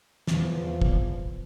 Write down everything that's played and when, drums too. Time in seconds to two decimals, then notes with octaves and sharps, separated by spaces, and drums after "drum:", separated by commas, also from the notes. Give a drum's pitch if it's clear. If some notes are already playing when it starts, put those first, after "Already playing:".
0.27 E2 F3, drum: snare
0.82 drum: kick